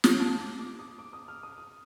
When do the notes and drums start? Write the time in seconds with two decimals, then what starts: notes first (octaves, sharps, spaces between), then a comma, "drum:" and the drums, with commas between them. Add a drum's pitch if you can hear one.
0.04 drum: snare
0.20 A5
0.40 D6
0.59 D6
0.79 D#6
0.99 D6
1.13 D#6
1.28 F6
1.43 D#6
1.58 D#6